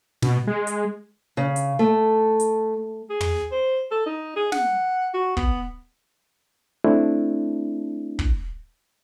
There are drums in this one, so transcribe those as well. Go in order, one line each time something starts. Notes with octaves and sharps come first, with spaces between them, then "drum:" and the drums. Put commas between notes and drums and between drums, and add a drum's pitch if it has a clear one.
B2, drum: snare
G#3
drum: hi-hat
C#3
drum: hi-hat
A3
drum: hi-hat
G#4
drum: tom
C5
A4
D#4
G#4
F#5, drum: snare
F#4
B3, drum: kick
A3 C4 D4 E4
drum: kick